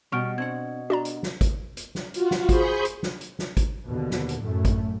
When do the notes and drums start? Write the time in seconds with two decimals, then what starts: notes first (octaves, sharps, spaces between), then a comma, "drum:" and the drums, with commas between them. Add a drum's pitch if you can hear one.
0.12 B2 G3 C#4 G4 C#6 F6 D7
0.38 C4 D4 F#5 G#6
0.90 D4 F#4 D5 A#5
1.05 drum: hi-hat
1.23 drum: snare
1.41 drum: kick, hi-hat
1.77 drum: hi-hat
1.95 drum: snare
2.14 F4 F#4, drum: hi-hat
2.31 drum: snare
2.49 G#4 C5 B5 C#6 D#6 G6, drum: kick, hi-hat
2.85 drum: hi-hat
3.03 drum: snare
3.21 drum: hi-hat
3.39 drum: snare
3.57 drum: kick, hi-hat
3.86 D#2 B2 D3
4.11 drum: snare
4.29 drum: hi-hat
4.42 F#2 A2 A3
4.65 drum: kick, hi-hat